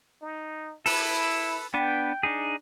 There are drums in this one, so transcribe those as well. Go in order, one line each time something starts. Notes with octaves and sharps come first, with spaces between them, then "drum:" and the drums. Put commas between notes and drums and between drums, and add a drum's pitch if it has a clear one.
D#4
E4 A4 B4, drum: open hi-hat
B3 D4 B4 G5
D4 D#4 G#4